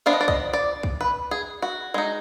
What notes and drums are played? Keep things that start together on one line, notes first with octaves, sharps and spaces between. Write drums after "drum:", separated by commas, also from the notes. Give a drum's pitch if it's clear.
F3 B3 D4 F5
D#5
D5
D#5, drum: kick
D5
drum: kick
B4
G#4
F#4
G#3 D#4